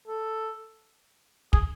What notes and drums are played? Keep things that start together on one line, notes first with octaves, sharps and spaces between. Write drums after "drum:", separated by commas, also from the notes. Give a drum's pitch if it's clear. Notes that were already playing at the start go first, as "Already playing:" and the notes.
A4
G#4, drum: kick